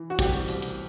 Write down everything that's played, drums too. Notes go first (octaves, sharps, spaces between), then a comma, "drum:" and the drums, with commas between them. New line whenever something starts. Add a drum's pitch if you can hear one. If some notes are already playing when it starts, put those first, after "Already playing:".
Already playing: E3
F#4
C2 G4, drum: kick, hi-hat
drum: hi-hat
C2, drum: hi-hat
drum: hi-hat